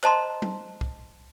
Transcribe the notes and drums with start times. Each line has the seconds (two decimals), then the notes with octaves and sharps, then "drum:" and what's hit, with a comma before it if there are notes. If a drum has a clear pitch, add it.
0.03 C5 D#5 A5 A#5 C6, drum: clap
0.42 drum: tom
0.81 drum: kick C2